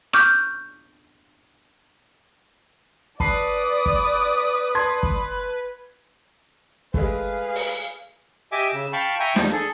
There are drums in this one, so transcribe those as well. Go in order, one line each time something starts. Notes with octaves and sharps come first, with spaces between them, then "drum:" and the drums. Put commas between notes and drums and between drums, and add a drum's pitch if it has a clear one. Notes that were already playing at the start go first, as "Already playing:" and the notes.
C#6 D6 F6 G6, drum: rim click
B4 D5 A5 D#6 C7, drum: kick
drum: kick
A5 C6 G#6
drum: kick
G#3 A3 G#4 B4 F5, drum: kick
drum: open hi-hat
G4 D#5 E5 G#5 D6
C#3 E6
F5 G5 A5 B5 C#6
E5 G5 G#5 A#5 C#6
E2 F3 G3 D#4, drum: snare
G#4 A4